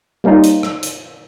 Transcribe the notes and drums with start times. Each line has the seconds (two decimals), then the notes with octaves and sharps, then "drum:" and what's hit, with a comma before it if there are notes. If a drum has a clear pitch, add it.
0.24 G3 A#3 C#4 D#4 F4
0.44 drum: hi-hat
0.63 drum: rim click
0.83 drum: hi-hat